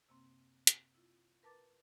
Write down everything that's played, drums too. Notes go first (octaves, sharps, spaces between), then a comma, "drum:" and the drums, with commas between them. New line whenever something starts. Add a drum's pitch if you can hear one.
F#2 C3 A#3 C4
drum: hi-hat
E4 F4
A#4 B4 A5 A#5 D6 A6